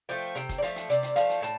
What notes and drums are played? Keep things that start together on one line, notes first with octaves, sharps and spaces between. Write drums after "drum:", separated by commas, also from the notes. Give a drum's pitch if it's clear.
F3 A3 G5
C3 G5, drum: hi-hat
drum: kick, hi-hat
D5
F3 A3 F5, drum: hi-hat
drum: hi-hat
C3 D5, drum: hi-hat
drum: hi-hat
F3 A3 F5, drum: hi-hat
drum: hi-hat
A2 A5, drum: hi-hat